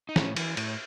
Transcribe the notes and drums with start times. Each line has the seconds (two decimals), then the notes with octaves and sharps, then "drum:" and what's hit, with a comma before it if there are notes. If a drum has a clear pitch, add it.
0.09 D#4
0.16 A2 C#4, drum: snare
0.36 E3, drum: cymbal
0.57 A2, drum: cymbal